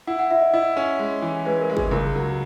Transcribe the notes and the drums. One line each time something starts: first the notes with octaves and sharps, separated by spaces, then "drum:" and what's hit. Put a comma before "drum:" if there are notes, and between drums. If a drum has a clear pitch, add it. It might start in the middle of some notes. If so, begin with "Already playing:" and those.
E4 F#5
F#5
E4 E5
D#5
E4 D#5
C#4
G#3
E3
G#3 B4
A#4
G#3
G#4, drum: kick G1
C#2 A#4, drum: tom F#3
F#3 A#4